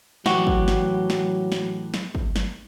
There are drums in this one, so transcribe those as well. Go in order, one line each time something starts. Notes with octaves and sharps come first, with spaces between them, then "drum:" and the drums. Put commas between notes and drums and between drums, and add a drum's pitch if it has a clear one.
A2 E3 F#3 F#4 G4, drum: snare
drum: kick
drum: snare
drum: snare
drum: snare
drum: snare
drum: kick
drum: snare